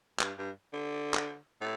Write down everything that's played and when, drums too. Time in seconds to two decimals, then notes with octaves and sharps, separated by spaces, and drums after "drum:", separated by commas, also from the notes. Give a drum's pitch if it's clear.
0.20 G2, drum: clap
0.38 G2
0.73 D3
1.14 drum: clap
1.61 A2